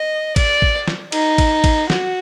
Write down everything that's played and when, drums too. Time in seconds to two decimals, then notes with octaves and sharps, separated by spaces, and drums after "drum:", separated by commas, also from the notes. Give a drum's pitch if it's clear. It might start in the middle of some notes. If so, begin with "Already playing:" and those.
Already playing: D#5
0.36 D5, drum: kick A1, cymbal
0.62 drum: kick A1
0.88 drum: snare
1.12 D#4, drum: cymbal
1.38 drum: kick A1, cymbal
1.64 drum: kick A1, cymbal
1.90 F#4, drum: snare